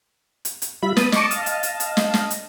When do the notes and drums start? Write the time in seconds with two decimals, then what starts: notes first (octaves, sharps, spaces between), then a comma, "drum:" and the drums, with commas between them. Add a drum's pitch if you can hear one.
0.45 drum: hi-hat
0.62 drum: hi-hat
0.82 G3 F4 E5 B5
0.97 B3 A5 D#6, drum: snare
1.12 D#5 A5 C#6 D6, drum: snare
1.31 F5, drum: hi-hat
1.46 drum: hi-hat
1.63 drum: hi-hat
1.80 drum: hi-hat
1.97 drum: snare
2.14 drum: snare
2.30 drum: hi-hat